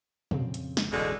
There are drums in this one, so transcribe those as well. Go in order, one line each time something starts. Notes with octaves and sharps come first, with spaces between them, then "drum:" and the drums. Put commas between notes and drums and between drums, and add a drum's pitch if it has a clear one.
F2 C#3 C4, drum: tom
drum: hi-hat
drum: snare
E1 A1 E2 B2 D3 G#3